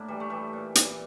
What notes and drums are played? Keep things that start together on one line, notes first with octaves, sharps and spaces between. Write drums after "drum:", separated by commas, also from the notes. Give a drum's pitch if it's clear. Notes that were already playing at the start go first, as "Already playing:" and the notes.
Already playing: A2 A#3 D4 E4
E3 G3
A3
E3 G3
A#2
A#2, drum: hi-hat